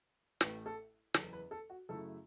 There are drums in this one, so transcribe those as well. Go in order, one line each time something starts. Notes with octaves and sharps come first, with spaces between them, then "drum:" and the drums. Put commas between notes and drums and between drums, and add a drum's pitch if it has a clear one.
A1 A2 A3 B4, drum: snare
A4
F#1 E2 E3 A4, drum: snare
B4
A4
F#4
F#2 C#3 A3 E4 A4